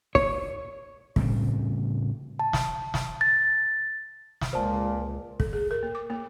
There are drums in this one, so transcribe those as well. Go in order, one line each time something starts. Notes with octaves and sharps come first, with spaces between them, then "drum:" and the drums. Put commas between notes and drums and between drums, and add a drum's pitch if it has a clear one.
C#5, drum: kick
A2 C#3 G3 C4, drum: kick
A5
drum: snare
drum: snare
A6
drum: snare
C#2 A#2 C5 A5
A4, drum: kick
G#4
A#4
A#3
D6
A#3